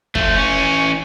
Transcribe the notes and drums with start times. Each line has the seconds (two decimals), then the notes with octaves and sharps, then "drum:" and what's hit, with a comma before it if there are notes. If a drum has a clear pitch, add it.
0.15 F3 A3, drum: kick
0.36 E3 C#4